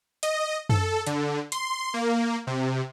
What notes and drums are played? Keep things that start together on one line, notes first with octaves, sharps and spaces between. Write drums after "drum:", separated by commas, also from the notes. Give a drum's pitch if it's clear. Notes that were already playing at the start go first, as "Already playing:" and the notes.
D#5, drum: hi-hat
A4, drum: tom F#2
D3, drum: hi-hat
C6, drum: hi-hat
A#3
C3